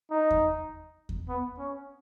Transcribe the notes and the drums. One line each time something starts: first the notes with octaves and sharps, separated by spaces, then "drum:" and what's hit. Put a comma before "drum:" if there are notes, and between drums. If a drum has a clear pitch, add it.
D#4
drum: kick E2
drum: kick E2
B3
C#4